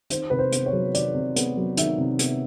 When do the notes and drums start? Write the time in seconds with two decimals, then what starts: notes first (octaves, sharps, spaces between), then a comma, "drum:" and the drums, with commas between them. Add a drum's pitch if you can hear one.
0.10 D#3 C5, drum: hi-hat
0.30 C3 B4
0.39 C5
0.52 B3, drum: hi-hat
0.66 C#5
0.73 F#3
0.94 D#3 D5, drum: hi-hat
1.14 C3
1.36 B3, drum: hi-hat
1.57 F#3
1.77 D#3 E5, drum: hi-hat
1.98 C3
2.19 B3, drum: hi-hat